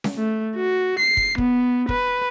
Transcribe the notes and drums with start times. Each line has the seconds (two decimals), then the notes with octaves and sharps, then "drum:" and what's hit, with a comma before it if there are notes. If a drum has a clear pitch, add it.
0.04 drum: snare C#4
0.18 A3
0.56 F#4
0.99 C7
1.17 drum: kick
1.38 B3, drum: kick
1.89 B4, drum: kick